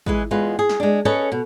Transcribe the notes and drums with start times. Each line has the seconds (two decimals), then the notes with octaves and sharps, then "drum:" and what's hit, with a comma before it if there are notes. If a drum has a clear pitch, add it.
0.06 E3 G#3 B4, drum: kick A1
0.31 E2 G#3 B3 F4 B4
0.59 G#4
0.69 drum: snare
0.80 G#3 D4
1.05 C#4 A4 B4 C#5 D#5
1.32 B2